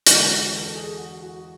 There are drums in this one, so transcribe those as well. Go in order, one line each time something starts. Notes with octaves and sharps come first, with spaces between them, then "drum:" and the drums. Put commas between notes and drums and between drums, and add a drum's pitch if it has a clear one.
E2 D3 G#3 B3 F#4, drum: hi-hat
F#4
A4
G#4
F#4
F#4